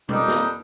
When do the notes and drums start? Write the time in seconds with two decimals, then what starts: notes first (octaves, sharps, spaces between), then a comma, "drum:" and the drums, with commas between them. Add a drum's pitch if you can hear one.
0.09 F2 D#3 G3 D4 D#4, drum: tom
0.28 drum: snare